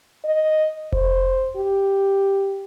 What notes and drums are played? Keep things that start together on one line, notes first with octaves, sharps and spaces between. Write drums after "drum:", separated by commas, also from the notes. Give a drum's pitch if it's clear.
D#5
C5, drum: kick F1
G4